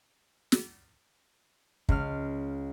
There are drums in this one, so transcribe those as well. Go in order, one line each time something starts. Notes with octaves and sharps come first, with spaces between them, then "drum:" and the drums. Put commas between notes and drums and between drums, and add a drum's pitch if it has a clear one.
drum: snare
C#2 F6, drum: kick